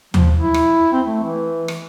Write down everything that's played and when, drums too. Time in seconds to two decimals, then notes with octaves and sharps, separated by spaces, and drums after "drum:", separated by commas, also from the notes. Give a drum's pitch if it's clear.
0.14 F3, drum: tom D#2
0.36 E4
0.54 drum: rim click
0.92 C4
1.07 A3
1.23 E3
1.68 drum: rim click